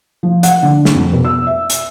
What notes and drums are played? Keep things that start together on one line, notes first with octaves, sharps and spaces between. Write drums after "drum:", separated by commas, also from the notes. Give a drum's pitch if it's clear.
F3
F#5, drum: hi-hat
D3
drum: snare
F2
B2
E6
E5
drum: hi-hat